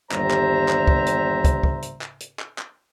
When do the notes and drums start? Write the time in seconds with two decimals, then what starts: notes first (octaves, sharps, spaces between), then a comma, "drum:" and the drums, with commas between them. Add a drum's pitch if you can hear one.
0.11 G1 D#2 G3 C5 E5 A#5, drum: clap
0.30 drum: clap
0.68 drum: clap
0.87 drum: kick
1.06 drum: hi-hat
1.44 drum: kick, hi-hat
1.63 drum: kick
1.82 drum: hi-hat
2.01 drum: clap
2.20 drum: hi-hat
2.39 drum: clap
2.58 drum: clap